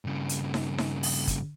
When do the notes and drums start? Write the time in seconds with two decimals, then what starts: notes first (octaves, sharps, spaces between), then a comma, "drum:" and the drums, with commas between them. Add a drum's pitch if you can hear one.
0.05 G2 C#3
0.29 drum: hi-hat
0.54 drum: snare D#4
0.78 drum: snare D#4
1.03 drum: open hi-hat
1.27 drum: kick, hi-hat